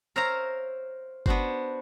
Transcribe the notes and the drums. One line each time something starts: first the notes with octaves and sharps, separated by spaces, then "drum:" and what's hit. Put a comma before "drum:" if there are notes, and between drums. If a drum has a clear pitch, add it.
A#4 C5 C#5 E5 F5 A#5
B3 D4 F#4 C5, drum: kick G1